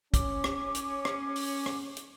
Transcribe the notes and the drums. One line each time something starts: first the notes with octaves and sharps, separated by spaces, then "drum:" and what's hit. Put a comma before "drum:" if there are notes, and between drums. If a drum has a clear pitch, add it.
C#4 D6, drum: kick, hi-hat
drum: rim click
drum: hi-hat
drum: rim click
drum: open hi-hat
drum: rim click
drum: hi-hat